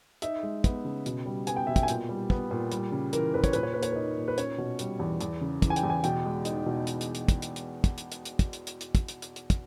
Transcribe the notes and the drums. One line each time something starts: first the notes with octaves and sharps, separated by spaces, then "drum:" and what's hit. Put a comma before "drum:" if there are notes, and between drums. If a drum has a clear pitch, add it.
D#4 E5, drum: hi-hat
G#3
B3, drum: kick, hi-hat
C#3
B2, drum: hi-hat
G3
B3 G#5, drum: hi-hat
G5
B2 E5
G5, drum: kick, hi-hat
G#5
A#2 G5, drum: hi-hat
G3
B3, drum: kick
A#2
G3, drum: hi-hat
C#3
E3 A#4, drum: hi-hat
E2 B4
C#5, drum: kick, hi-hat
A#2 B4, drum: hi-hat
C#5
A#3 B4
C#5, drum: hi-hat
D#4 B4
A#2
B4
C#4 C#5, drum: hi-hat
B2
G3, drum: hi-hat
E2
E2, drum: hi-hat
C#3
E3, drum: kick, hi-hat
G#5
G5, drum: hi-hat
E2
G#5
B2 G5, drum: hi-hat
G#3
D#4, drum: hi-hat
B2
drum: hi-hat
drum: hi-hat
drum: hi-hat
drum: kick, hi-hat
drum: hi-hat
drum: hi-hat
drum: kick, hi-hat
drum: hi-hat
drum: hi-hat
drum: hi-hat
drum: kick, hi-hat
drum: hi-hat
drum: hi-hat
drum: hi-hat
drum: kick, hi-hat
drum: hi-hat
drum: hi-hat
drum: hi-hat
drum: kick, hi-hat